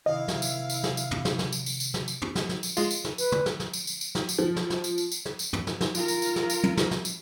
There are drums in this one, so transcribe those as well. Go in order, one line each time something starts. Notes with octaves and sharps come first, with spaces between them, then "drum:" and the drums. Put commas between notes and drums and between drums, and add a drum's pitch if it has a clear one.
C3 D#3 E4 D#5 F5
drum: snare
drum: tambourine
drum: tambourine
drum: snare
drum: tambourine
drum: tom
drum: snare
drum: snare
drum: tambourine
drum: tambourine
drum: tambourine
drum: snare
drum: tambourine
drum: tom
drum: snare
drum: snare
drum: tambourine
G#3 F4, drum: tambourine
drum: tambourine
drum: snare
B4, drum: tambourine
drum: tom
drum: snare
drum: snare
drum: tambourine
drum: tambourine
drum: tambourine
drum: snare
drum: tambourine
F3
drum: snare
drum: snare
drum: tambourine
drum: tambourine
drum: tambourine
drum: snare
drum: tambourine
drum: tom
drum: snare
drum: snare
F4 A#4, drum: tambourine
drum: tambourine
drum: tambourine
drum: snare
drum: tambourine
drum: tom
drum: snare
drum: snare
drum: tambourine